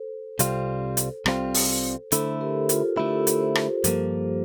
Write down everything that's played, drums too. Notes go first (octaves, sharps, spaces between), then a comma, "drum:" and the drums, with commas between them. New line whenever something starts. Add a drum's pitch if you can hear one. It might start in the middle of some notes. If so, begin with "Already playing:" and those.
Already playing: A4 C5
C2 C3 G3 C4 F4, drum: hi-hat
drum: hi-hat
C2 C3 G3 C4 F4, drum: rim click
drum: open hi-hat
D3 A3 E4 A4 C5, drum: hi-hat
G4 A#4
F4 A4, drum: hi-hat
D3 A3 E4 G4 A#4
drum: hi-hat
A4 C5
drum: rim click
G2 F3 A#3, drum: hi-hat